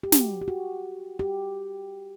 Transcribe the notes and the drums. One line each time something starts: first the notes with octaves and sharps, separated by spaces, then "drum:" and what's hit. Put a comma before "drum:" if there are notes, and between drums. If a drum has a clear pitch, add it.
G4
F#4, drum: snare
G4
F#4
G4